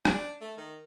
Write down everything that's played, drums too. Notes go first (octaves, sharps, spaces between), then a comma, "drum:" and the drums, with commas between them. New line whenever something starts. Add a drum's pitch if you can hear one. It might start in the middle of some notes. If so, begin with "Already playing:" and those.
D4, drum: rim click
A3
D#3